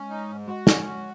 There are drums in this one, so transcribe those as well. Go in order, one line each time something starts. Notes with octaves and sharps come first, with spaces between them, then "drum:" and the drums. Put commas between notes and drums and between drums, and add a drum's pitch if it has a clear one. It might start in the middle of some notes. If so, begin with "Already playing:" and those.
Already playing: G#3 C#4
D#4
G#2
G#3 F#4
C#4, drum: snare
F#4